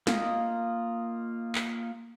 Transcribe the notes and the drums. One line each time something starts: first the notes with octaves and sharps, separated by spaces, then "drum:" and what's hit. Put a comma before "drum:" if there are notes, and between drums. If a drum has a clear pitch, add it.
A#3 F4 D#5, drum: snare
drum: clap